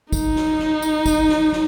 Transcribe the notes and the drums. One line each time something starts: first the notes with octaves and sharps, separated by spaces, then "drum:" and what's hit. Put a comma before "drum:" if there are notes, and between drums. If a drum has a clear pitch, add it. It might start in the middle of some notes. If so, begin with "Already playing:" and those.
D#4, drum: kick, tambourine
drum: snare
drum: snare
drum: tambourine
drum: kick, tambourine
drum: snare
drum: snare